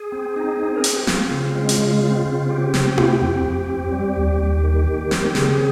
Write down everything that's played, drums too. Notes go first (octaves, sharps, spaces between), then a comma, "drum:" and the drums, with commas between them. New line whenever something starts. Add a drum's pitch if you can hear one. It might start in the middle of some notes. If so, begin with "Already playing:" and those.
Already playing: G#4
C4
D#4
C4
A#4
C4 G#4, drum: hi-hat
G4
C4 F4, drum: snare
C#3
G#3
drum: hi-hat
C#3
C4
C#3
C4 G4
C3, drum: snare
C4, drum: tom E4
F2
F2
C4
G3
D#2
D#2
D#3
D#3
C4, drum: snare
C#3 G#4, drum: snare